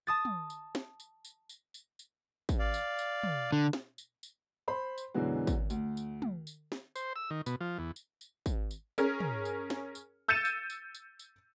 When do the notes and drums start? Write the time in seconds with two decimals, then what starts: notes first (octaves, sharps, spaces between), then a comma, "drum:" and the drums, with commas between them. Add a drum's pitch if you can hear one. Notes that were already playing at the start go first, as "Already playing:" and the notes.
0.07 A5 D#6 A6
0.25 drum: tom
0.50 drum: tambourine
0.75 drum: snare
1.00 drum: tambourine
1.25 drum: tambourine
1.49 drum: tambourine
1.74 drum: tambourine
1.99 drum: tambourine
2.49 drum: kick, tambourine
2.59 D5 F5
2.74 drum: tambourine
2.99 drum: tambourine
3.24 drum: tom
3.52 D3
3.73 drum: snare
3.98 drum: tambourine
4.23 drum: tambourine
4.68 C5 B5 C6
4.98 drum: tambourine
5.14 F#2 B2 D3 E3 G#3 F#4
5.47 drum: kick, tambourine
5.70 D2, drum: tambourine
5.97 drum: tambourine
6.22 drum: tom
6.47 drum: tambourine
6.72 drum: snare
6.96 C5, drum: tambourine
7.16 E6
7.31 D#3
7.46 B2, drum: tambourine
7.61 F3
7.79 E2
7.96 drum: tambourine
8.21 drum: tambourine
8.46 drum: kick, tambourine
8.71 drum: tambourine
8.98 C#4 G#4 A#4, drum: tambourine
9.20 drum: tom
9.45 drum: tambourine
9.70 drum: snare
9.95 drum: tambourine
10.28 E6 G6 A6 C#7 D#7 E7
10.45 drum: tambourine
10.70 drum: tambourine
10.95 drum: tambourine
11.19 drum: tambourine